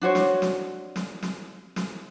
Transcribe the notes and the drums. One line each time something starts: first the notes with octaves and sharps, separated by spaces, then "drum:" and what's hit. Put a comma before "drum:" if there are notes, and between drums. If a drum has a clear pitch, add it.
D4 F#4 C5 C#5
drum: snare
drum: snare
drum: snare
drum: snare
drum: snare